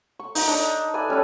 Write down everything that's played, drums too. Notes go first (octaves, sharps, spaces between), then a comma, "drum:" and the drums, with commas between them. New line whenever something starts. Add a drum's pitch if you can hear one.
C#6
D#4, drum: open hi-hat
D4 D#4
B4 D5 E5 G#5
G3 C#4 A4 B4